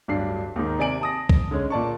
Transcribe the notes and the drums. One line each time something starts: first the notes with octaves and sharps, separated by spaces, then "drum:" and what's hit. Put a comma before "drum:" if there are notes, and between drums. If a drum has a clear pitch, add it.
D1 G2 D4 C7
D#2 G#2 D#3
C3 D5 G#5 D7 F#7
A5 D#6 A#6
drum: kick C2
D3 G#3 C#4
A#2 D5 A5 C#6